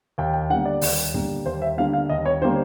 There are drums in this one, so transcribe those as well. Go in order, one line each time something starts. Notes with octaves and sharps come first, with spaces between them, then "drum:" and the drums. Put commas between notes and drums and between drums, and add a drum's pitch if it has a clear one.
D#2 G5
G5
D3 G3 A#3 F#5
D5
D#2, drum: open hi-hat
D3 G3 A#3, drum: kick
D#2 C5
E5
D3 G3 A#3 F5
F5
D#2 D#5
C#5
D3 G3 A#3 C5